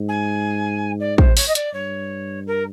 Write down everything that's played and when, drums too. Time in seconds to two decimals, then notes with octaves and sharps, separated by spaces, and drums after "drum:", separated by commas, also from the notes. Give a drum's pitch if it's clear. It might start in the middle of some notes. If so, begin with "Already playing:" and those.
Already playing: G#2
0.08 G#5
1.00 D5
1.18 C5, drum: kick
1.37 C#5, drum: open hi-hat
1.48 D#5
1.55 D5, drum: hi-hat
1.73 G2 C#5
2.47 A#4